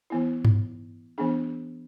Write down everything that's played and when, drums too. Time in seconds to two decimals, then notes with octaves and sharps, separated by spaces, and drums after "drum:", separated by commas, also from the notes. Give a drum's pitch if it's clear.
0.10 E3 B3 E4
0.45 drum: tom G2
1.18 E3 B3 D4 G#4